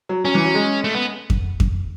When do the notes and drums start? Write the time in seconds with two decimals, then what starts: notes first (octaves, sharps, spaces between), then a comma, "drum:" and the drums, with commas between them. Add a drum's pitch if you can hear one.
0.09 F#3
0.24 F#3 C#4
0.35 E3
0.45 F#3
0.54 G#3
0.84 A3
0.95 B3
1.30 drum: kick F2
1.60 drum: kick F2